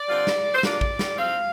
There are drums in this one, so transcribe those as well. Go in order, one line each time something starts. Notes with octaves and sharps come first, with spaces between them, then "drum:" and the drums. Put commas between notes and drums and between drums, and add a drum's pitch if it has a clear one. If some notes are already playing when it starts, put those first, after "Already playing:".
Already playing: D5
D3 G3 C4 F4
drum: snare
C5
C3 A#3 D4 F4 D5, drum: snare
drum: kick
drum: snare
F3 C4 F4 F5